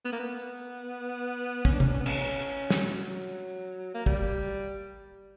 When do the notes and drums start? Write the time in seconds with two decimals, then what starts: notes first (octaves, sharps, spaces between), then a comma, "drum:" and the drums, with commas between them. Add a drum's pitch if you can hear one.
0.05 B3
0.12 A#3
0.20 B3
1.65 C#4, drum: kick
1.72 D4
1.80 C#4, drum: tom C3
1.87 D4
1.94 C#4
2.00 B3
2.06 C#4, drum: cymbal
2.70 drum: snare
2.85 F#3
3.94 A#3
4.06 G3, drum: kick